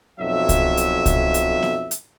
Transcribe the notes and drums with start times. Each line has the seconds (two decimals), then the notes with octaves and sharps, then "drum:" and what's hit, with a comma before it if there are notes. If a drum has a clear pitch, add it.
0.21 B1 F2 F#3 E5
0.49 drum: kick C2, hi-hat
0.77 drum: hi-hat
1.06 drum: kick C2, hi-hat
1.34 drum: hi-hat
1.63 drum: snare
1.91 drum: hi-hat